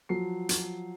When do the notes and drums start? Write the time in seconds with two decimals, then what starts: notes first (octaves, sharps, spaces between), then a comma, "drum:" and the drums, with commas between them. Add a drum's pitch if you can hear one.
0.09 F3 F#3 C7
0.49 drum: hi-hat